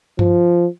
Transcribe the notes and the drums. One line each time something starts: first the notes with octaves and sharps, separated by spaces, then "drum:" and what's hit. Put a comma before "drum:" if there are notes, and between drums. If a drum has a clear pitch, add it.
F3, drum: tom G2